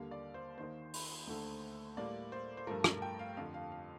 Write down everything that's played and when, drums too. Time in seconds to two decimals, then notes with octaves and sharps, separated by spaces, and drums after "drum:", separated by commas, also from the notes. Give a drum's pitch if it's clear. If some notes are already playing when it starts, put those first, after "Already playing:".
Already playing: D#2 D3 G3 A#3 F5
0.11 D5
0.34 C5
0.58 D#2 D#3 A#3 C5
0.94 drum: open hi-hat
1.27 D2 D3 A3
1.97 A2 G3 A#3 D5
2.32 C5
2.57 C5
2.67 G2 F3 A3 A#4
2.84 A#4, drum: rim click
3.02 G5
3.19 F5
3.37 F2 D3 F3 F5
3.54 F5
3.72 F5